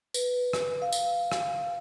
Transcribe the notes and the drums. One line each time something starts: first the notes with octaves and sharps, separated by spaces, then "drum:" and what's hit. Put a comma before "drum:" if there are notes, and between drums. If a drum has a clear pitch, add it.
B4, drum: tambourine
drum: rim click
F5
drum: tambourine
drum: rim click